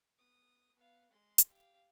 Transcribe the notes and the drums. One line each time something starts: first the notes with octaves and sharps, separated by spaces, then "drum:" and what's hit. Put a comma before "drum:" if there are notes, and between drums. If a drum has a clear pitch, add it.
B3 D#6
B3 F5
G#3 C6
drum: hi-hat
G4 F5